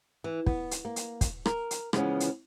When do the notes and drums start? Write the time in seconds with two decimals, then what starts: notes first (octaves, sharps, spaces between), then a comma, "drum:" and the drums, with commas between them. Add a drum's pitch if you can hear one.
0.24 E3
0.46 B3, drum: kick
0.71 drum: hi-hat
0.85 A#3
0.96 drum: hi-hat
1.21 drum: kick, hi-hat
1.46 A#4, drum: rim click
1.71 drum: hi-hat
1.93 C#3 E3 F3 G#3 B3 C#4, drum: rim click
2.20 drum: hi-hat